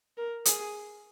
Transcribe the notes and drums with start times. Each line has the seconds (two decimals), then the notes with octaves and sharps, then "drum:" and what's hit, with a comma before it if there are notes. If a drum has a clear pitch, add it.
0.17 A#4
0.45 G#4, drum: hi-hat